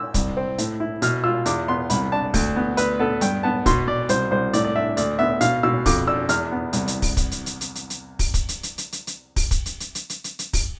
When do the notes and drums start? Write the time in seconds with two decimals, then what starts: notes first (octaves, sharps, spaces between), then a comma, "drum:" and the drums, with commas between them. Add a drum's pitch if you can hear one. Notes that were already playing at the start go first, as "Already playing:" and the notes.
Already playing: E6
0.14 C2, drum: kick, hi-hat
0.37 C4
0.58 A2, drum: hi-hat
0.80 E4
1.02 B2 F6, drum: hi-hat
1.24 F4 E6
1.46 E2 D6, drum: hi-hat
1.68 B3 C6
1.90 C2 B5, drum: hi-hat
2.12 D4 A5
2.34 D2, drum: kick, open hi-hat
2.56 B3
2.77 D2 B4, drum: hi-hat
3.00 B3 A4
3.21 G2 G5, drum: hi-hat
3.43 B3 A5
3.66 B2 C6, drum: kick, hi-hat
3.87 B2 D5
4.09 C2 C5, drum: hi-hat
4.31 C2 C5
4.53 A2 D5, drum: hi-hat
4.64 D5
4.76 D4 E5
4.97 D2 D5, drum: hi-hat
5.19 B3 E5
5.41 B2 F5, drum: hi-hat
5.63 B2 E6
5.86 F2 D6, drum: kick, open hi-hat
6.07 D4 E6
6.29 E2 F6, drum: hi-hat
6.52 B3
6.73 C2, drum: hi-hat
6.88 drum: hi-hat
7.02 drum: kick, open hi-hat
7.17 drum: kick, hi-hat
7.31 drum: hi-hat
7.46 drum: hi-hat
7.61 drum: hi-hat
7.75 drum: hi-hat
7.90 drum: hi-hat
8.19 drum: kick, open hi-hat
8.34 drum: kick, hi-hat
8.49 drum: hi-hat
8.63 drum: hi-hat
8.78 drum: hi-hat
8.92 drum: hi-hat
9.07 drum: hi-hat
9.36 drum: kick, open hi-hat
9.51 drum: kick, hi-hat
9.66 drum: hi-hat
9.80 drum: hi-hat
9.95 drum: hi-hat
10.10 drum: hi-hat
10.24 drum: hi-hat
10.39 drum: hi-hat
10.53 drum: kick, open hi-hat